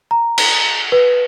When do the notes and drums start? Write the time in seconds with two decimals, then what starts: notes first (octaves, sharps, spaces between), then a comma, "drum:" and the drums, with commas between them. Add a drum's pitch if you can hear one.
0.11 A#5
0.38 drum: cymbal
0.92 B4